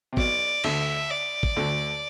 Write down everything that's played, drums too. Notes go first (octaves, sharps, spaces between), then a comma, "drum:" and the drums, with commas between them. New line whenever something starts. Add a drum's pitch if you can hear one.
C3
B1 B2 D5, drum: kick
D2 D3 E5, drum: cymbal
D5
drum: kick
D2 D3